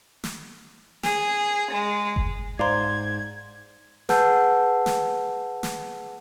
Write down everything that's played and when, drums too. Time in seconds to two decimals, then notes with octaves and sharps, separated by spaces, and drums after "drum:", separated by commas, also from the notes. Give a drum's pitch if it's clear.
0.24 drum: snare
1.03 G#4, drum: snare
1.71 G#3
2.16 drum: kick F#1
2.59 G#2 C5 D5 F5 A#5 C6 G#6
4.09 G#4 B4 F#5 A5 E6 G6, drum: snare
4.86 drum: snare
5.63 drum: snare